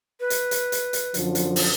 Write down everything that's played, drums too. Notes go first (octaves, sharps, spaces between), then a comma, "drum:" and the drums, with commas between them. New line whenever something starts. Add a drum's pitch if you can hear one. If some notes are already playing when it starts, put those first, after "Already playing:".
B4
drum: hi-hat
drum: hi-hat
drum: hi-hat
drum: hi-hat
F#2 D3 F3, drum: hi-hat
drum: hi-hat
drum: open hi-hat